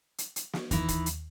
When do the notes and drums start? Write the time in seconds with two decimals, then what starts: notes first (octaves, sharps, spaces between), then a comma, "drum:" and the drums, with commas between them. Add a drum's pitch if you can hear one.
0.18 drum: hi-hat
0.36 drum: hi-hat
0.53 drum: snare
0.71 D#2 E3 D#4 E4, drum: kick, hi-hat
0.88 drum: kick, hi-hat
1.06 drum: hi-hat